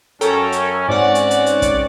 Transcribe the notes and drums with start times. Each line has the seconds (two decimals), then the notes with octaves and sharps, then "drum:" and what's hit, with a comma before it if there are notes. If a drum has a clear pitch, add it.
0.21 F#2 C#4 A4 G5 A#5, drum: hi-hat
0.52 drum: hi-hat
0.88 G#2 C4 C#4 D5 F#5
1.15 drum: hi-hat
1.31 drum: hi-hat
1.46 drum: hi-hat
1.62 drum: kick, hi-hat